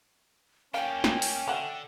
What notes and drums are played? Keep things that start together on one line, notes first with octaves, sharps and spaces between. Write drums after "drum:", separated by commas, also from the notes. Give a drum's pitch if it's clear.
A#3 C#4 G4 F5 G5
drum: snare
drum: open hi-hat
D3 A3 F#4 F#5